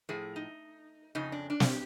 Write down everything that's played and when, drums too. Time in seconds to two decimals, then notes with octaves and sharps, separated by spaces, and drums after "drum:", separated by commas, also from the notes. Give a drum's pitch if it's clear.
0.09 A2 F3 G#4
0.36 D#4
1.15 F2 C#3 D#4
1.32 D4
1.50 D4
1.60 F#4, drum: snare
1.67 G4